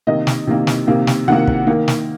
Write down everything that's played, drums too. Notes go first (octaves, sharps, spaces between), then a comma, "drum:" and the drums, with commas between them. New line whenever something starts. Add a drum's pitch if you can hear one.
C3 D#3 A#3 D#5
drum: snare
C3 D#3 A#3
drum: snare
C3 D#3 A#3
drum: snare
C3 D#3 A#3 F#5
drum: kick
D#3 A#3
drum: snare